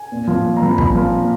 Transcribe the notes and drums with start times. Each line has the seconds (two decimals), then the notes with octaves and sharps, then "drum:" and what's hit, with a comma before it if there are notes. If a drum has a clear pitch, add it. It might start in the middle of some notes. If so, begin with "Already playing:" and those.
Already playing: G#5
0.12 A#2
0.27 F3
0.44 A#2
0.57 A#5
0.62 F3
0.67 B5
0.78 A#2 B5, drum: kick
0.95 F3
1.12 A#2